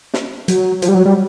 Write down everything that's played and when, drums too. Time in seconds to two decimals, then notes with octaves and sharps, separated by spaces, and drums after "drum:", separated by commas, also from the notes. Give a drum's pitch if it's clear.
0.14 drum: snare
0.48 F#3, drum: hi-hat
0.82 F3, drum: hi-hat
0.88 G3
0.95 F#3
1.06 G3